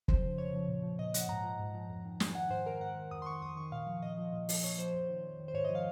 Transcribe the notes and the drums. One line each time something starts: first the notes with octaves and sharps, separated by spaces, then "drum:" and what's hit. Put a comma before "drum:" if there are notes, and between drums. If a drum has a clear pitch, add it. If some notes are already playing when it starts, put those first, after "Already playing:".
F2 C5, drum: kick
C#3 F3
F2 C#5
C#3 F3
A#2
F3
A#2 D#5
F3 F#5, drum: hi-hat
G#2 A#5
F3
G#2
F3
F2
D#3
F2 G#5, drum: snare
D#3 F#5
G#2 C5
D#3 A#4
G#2 F#5
D#3
F2 D#6
C6
D#3 C#6
F2 D#6
D#3 C#6
A#2 F5
F3
A#2 D#5
F3
A#2
F3, drum: open hi-hat
A#2 C#5
F3 C5
F2
D#3
F2
D#3
C5
G#2 C#5
D#5
F3
F5